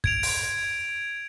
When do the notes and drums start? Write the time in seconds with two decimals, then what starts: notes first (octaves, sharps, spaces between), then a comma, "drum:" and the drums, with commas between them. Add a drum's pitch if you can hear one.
0.04 G#6 D7 F7, drum: kick
0.23 drum: open hi-hat